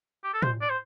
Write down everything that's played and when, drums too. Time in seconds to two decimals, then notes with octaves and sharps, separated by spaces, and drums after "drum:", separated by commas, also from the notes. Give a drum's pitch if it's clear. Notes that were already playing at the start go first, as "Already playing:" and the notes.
0.24 G4
0.33 A4
0.42 C5, drum: tom A2
0.61 D5
0.69 C5